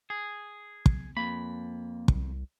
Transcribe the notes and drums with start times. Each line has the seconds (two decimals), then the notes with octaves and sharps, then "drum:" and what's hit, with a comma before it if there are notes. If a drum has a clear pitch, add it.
0.10 G#4
0.86 drum: kick
1.17 F2 A#3 B5
2.08 C2, drum: kick